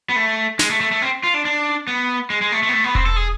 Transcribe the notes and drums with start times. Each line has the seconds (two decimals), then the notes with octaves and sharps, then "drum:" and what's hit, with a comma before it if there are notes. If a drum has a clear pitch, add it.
0.09 B3
0.16 A3
0.59 G#3, drum: snare
0.70 A3
0.81 A3
0.91 A3
1.02 C4
1.23 F4
1.34 D4
1.45 D4
1.87 B3
2.30 G#3
2.41 G#3
2.52 A3
2.63 A3
2.69 B3
2.74 A3
2.84 B3
2.95 C4, drum: kick E1
3.06 A4
3.16 G#4